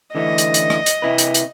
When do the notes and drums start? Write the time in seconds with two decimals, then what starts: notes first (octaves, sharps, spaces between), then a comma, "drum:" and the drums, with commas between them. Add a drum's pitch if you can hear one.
0.15 D3 E3 A3 D#5
0.38 drum: hi-hat
0.54 drum: hi-hat
0.70 drum: rim click
0.86 drum: hi-hat
1.02 C3 E4 B4
1.18 drum: hi-hat
1.34 drum: hi-hat